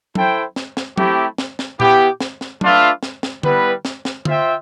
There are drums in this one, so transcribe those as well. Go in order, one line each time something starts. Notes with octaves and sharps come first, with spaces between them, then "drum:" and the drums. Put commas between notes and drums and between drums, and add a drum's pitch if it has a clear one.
E4 A4 C5 G5, drum: tom F#3
drum: snare
drum: snare
A3 C4 E4 G4, drum: tom F#3
drum: snare
drum: snare
B3 E4 G4, drum: tom A#2
drum: snare
drum: snare
A3 D4 F4 B4 E5, drum: tom F#3
drum: snare
drum: snare
G3 B3 E4 B4, drum: tom
drum: snare
drum: snare
F4 C5 E5 G5, drum: tom